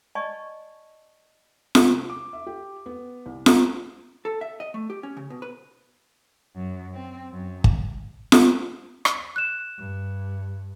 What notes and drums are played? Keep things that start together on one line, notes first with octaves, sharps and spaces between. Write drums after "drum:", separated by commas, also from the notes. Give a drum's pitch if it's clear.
D5 D#5 G#5 A5 B5 C#6
C3, drum: snare F4
D6
E5
G4
B3
C2
A#5, drum: snare F4
A4
E5
D#5
A3
G4
C#4
C#3
B2
B4
F#2
C4
F#2
drum: kick
drum: snare F4
drum: rim click
F#6 E7
G2